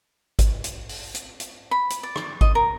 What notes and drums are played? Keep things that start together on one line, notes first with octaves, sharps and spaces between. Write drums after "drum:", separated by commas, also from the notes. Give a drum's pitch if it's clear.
drum: kick G#1, hi-hat
drum: hi-hat
drum: open hi-hat
drum: hi-hat
drum: hi-hat
B5
drum: hi-hat
D5
drum: rim click
D#5, drum: kick G#1
A#4